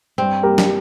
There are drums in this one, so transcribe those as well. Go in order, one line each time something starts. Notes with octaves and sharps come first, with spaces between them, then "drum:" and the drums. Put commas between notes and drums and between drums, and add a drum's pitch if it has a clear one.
G2 C4
G3 A#3 G4 A#4
drum: snare